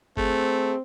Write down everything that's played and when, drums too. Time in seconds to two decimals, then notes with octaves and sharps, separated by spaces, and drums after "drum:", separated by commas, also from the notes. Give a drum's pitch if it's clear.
0.17 A3 C4 G#4, drum: kick